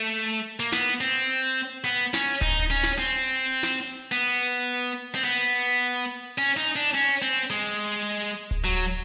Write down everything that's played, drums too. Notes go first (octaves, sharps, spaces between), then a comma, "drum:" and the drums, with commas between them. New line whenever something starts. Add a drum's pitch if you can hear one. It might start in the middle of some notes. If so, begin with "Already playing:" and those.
Already playing: A3
A#3
B3, drum: snare
C4
B3
C#4, drum: snare
D#4, drum: kick D1
C#4
drum: snare
C4
drum: hi-hat
drum: snare
B3, drum: open hi-hat
drum: hi-hat
C4
B3
drum: hi-hat
C#4
D#4
D4
C#4
C4
G#3
drum: kick D1
F#3